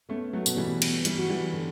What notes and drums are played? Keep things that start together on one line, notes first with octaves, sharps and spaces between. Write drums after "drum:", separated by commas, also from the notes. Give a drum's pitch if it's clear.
A3 B3 C#4
F#3 A3
B2, drum: tambourine
E3 G3
B3, drum: cymbal
E3 G3, drum: hi-hat
F#4
E3 G3
D3